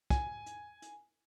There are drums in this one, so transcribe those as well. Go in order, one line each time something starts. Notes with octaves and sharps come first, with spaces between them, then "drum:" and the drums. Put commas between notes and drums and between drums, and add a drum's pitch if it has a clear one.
G#5, drum: kick, hi-hat
drum: hi-hat
drum: hi-hat